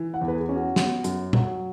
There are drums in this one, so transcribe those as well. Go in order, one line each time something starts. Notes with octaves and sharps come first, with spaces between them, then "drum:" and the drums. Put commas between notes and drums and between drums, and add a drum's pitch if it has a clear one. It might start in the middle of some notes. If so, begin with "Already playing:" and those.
Already playing: E3
F#5
E2
B4
G#4
C#4
F#4
B3, drum: snare
F#2, drum: hi-hat
F#3, drum: tom A#2